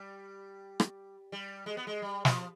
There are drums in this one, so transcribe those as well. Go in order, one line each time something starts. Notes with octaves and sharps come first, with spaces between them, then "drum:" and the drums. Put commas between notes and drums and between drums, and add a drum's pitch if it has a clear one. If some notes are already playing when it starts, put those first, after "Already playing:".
Already playing: G3
drum: rim click
G3
G#3
B3
G#3
G3
F3, drum: snare